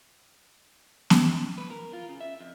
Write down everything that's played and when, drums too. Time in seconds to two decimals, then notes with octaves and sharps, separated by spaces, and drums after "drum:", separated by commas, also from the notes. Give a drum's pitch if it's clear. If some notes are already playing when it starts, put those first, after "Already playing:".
1.10 drum: snare B3
1.58 B4
1.71 A#4
1.93 F4
2.09 C#3
2.20 E5
2.40 F2